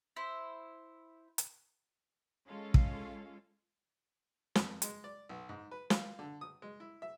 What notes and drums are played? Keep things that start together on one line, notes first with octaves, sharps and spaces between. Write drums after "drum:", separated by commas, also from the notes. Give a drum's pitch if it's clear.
E4 C5
drum: hi-hat
G#3 C#4 F4 A4 F5
drum: kick
F2, drum: snare
G#3, drum: hi-hat
D5
B1
G#2
B4
F4, drum: snare
D3
D#6
G#3
E4
E5